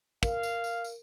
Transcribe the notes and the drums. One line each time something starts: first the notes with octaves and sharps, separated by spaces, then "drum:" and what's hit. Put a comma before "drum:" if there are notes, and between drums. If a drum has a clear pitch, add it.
A#4 F5, drum: kick, tambourine
drum: tambourine
drum: tambourine
drum: tambourine